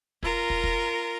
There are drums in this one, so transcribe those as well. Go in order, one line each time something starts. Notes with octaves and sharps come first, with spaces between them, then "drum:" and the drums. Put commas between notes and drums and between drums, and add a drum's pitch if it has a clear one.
F4 A#4 A#5, drum: kick
drum: kick
drum: kick